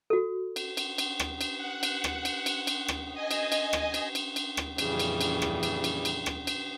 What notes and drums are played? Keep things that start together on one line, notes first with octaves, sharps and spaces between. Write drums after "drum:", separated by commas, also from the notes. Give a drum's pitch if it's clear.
F#4 A4
drum: cymbal
drum: cymbal
drum: cymbal
drum: rim click
drum: cymbal
F#5
drum: cymbal
drum: rim click
drum: cymbal
drum: cymbal
drum: cymbal
drum: rim click
D#5 G#5
drum: cymbal
drum: cymbal
drum: rim click
drum: cymbal
drum: cymbal
drum: cymbal
drum: rim click
F2 A#2 C#3 E3 G3, drum: cymbal
drum: cymbal
drum: cymbal
drum: rim click
drum: cymbal
drum: cymbal
drum: cymbal
drum: rim click
drum: cymbal